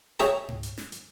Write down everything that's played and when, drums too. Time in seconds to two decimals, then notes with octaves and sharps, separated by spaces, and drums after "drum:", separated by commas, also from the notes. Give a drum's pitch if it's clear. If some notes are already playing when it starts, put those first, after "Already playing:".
0.20 G#4 C#5 E5 G5 A#5, drum: snare
0.49 drum: tom G#2
0.63 drum: hi-hat
0.78 drum: snare
0.92 drum: hi-hat